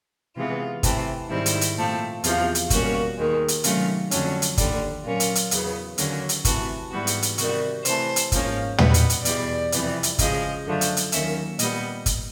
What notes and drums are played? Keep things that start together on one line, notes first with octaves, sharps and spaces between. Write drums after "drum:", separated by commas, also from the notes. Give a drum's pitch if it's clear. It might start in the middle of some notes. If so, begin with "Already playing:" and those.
C3 E3 G#3 B3 F4
C3 E3 A3 C4, drum: kick, hi-hat
G#2 D#3 G3 C4 E4
drum: hi-hat
drum: hi-hat
A#2 F3 A3 C4
E2 C3 F3 F4, drum: hi-hat
drum: hi-hat
B2 G3 A#3 C#4 F#4, drum: kick, hi-hat
D#2 D#3 G#3
drum: hi-hat
C3 D#3 F#3 A3 C#4 F4, drum: hi-hat
F2 D3 F#3 A3 C#4, drum: hi-hat
drum: hi-hat
D#2 D3 G3, drum: kick, hi-hat
A#2 F#3 A#3 C#4 F4
drum: hi-hat
drum: hi-hat
E2 C#3 F#3 B3, drum: hi-hat
D#2 D3 F#3 A#3 C#4, drum: hi-hat
drum: hi-hat
C3 E3 A3 F#4, drum: kick, hi-hat
G#2 E3 G3 B3 F#4
drum: hi-hat
drum: hi-hat
C3 D#3 G3 F#4, drum: hi-hat
C3 E3 A3 C5, drum: hi-hat
drum: hi-hat
G#2 F3 A#3 C#4, drum: kick, hi-hat
B2 G3 B3 B4, drum: tom
drum: hi-hat
drum: hi-hat
E2 B2 G3 D5, drum: hi-hat
F2 C3 E3 G3 B3, drum: hi-hat
drum: hi-hat
C#3 F3 G#3 D#5, drum: kick, hi-hat
F#2 D3 F3 A3
drum: hi-hat
drum: hi-hat
D#2 D#3 F#3 A#3 C#4 E5, drum: hi-hat
A#2 G3 B3 D#5, drum: hi-hat
drum: kick, hi-hat